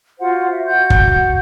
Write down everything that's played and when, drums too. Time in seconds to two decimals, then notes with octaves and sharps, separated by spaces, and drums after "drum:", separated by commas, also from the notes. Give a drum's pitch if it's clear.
0.20 F4 F#4 C5 F#5
0.50 F#4 E5
0.66 F#4 F#5 G6
0.90 drum: kick